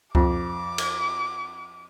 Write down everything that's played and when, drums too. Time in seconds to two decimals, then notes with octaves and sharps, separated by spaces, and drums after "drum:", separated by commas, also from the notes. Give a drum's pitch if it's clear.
0.15 F2 D6, drum: kick C#2
0.78 drum: cymbal